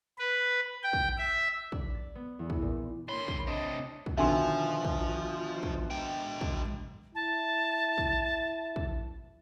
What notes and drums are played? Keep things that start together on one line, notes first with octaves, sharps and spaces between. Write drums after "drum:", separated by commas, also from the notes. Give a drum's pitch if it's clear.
B4
G5
drum: kick
E5
D5, drum: kick
A6
B3
E2
drum: kick
A#2
D3 A#3 C#5 B5 C6 G7
drum: kick
C3 D4 D#5
drum: kick
B2 D3 D#3 F3 E5 G#5 C6
drum: kick
drum: kick
G#3 G5
drum: kick
E4 A5
drum: kick
drum: kick